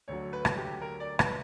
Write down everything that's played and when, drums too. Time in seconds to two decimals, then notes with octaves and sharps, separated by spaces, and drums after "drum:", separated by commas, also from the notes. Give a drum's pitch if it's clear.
0.08 D2 D3 F#3 C#5
0.33 B4
0.45 drum: rim click
0.57 G4
0.81 A#4
1.00 D5
1.19 B4, drum: rim click